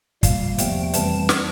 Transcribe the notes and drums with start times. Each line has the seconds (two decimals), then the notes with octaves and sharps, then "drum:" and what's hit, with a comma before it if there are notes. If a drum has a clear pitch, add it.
0.23 A#2 G3 A#3 F5, drum: kick, hi-hat
0.58 E2 C3 F3 A3 G5, drum: hi-hat
0.93 F2 E3 G3 A5, drum: hi-hat
1.29 drum: snare